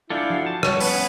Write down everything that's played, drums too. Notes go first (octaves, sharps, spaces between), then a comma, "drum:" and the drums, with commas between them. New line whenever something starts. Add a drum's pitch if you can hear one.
D4 E4 F4 A4 G#5 F6 G6
F3 F#4 C7
A5
G3 C#5, drum: rim click
B3 C#4 B4, drum: open hi-hat
E5 G#5